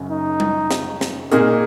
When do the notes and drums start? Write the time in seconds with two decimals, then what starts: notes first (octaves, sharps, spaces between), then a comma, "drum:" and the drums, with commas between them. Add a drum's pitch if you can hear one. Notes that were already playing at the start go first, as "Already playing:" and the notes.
Already playing: F#1 F#2 C#3 F#3 C#4
0.10 D#4
0.40 drum: tom G3
0.71 drum: snare
1.01 drum: snare
1.31 A#2 A#3 D#4 G#4, drum: hi-hat